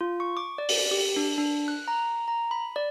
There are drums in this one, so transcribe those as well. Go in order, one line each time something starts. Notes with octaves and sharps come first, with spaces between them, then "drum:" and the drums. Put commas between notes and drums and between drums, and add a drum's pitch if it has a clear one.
F4
C#6
D6
D5
drum: open hi-hat
G4
D4
D4
F#6
A#5
A#5
B5
D5